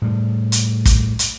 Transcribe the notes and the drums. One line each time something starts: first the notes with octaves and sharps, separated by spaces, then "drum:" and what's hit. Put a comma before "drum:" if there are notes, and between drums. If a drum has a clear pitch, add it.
A2 G3
drum: hi-hat
drum: kick, hi-hat
drum: hi-hat